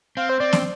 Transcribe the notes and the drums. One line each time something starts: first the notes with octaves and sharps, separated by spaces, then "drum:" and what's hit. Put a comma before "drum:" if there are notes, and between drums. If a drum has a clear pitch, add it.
C4 F5
C5
C4 D5
drum: snare